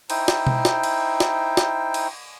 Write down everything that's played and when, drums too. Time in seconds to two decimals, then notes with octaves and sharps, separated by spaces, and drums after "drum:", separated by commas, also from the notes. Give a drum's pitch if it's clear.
0.10 D#4 E4 C5 G5, drum: cymbal
0.28 drum: snare
0.47 drum: tom B2
0.65 drum: snare
0.83 drum: cymbal
1.20 drum: snare
1.57 drum: snare
1.94 drum: cymbal